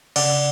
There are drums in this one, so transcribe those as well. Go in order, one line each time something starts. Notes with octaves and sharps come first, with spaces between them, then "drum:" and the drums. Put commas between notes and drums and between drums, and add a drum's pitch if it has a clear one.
C#3 D5 F#5, drum: cymbal